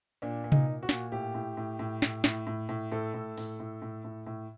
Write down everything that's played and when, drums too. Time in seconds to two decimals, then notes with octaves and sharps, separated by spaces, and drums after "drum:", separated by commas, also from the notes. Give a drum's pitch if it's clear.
0.22 A#2 D4
0.44 A#2
0.52 D#4, drum: tom C3
0.67 A#2
0.83 F#4
0.89 A#2, drum: snare
1.12 A2 G4
1.35 A2
1.57 A2
1.79 A2
2.02 A2, drum: snare
2.24 A2, drum: snare
2.47 A2
2.69 A2
2.92 A2 A4
3.14 A2
3.38 A2, drum: open hi-hat
3.60 A2
3.82 A2
4.04 A2
4.27 A2